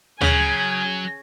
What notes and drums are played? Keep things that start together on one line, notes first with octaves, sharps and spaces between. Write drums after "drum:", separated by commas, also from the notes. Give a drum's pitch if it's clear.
C#3 F#3 G#5, drum: tom D2